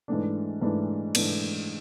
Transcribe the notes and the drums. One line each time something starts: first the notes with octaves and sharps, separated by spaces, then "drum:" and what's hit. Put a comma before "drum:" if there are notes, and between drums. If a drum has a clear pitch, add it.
G#2 E3 A3 D4
G#2 E3 A3 D4
G#2 E3 A3 D4, drum: cymbal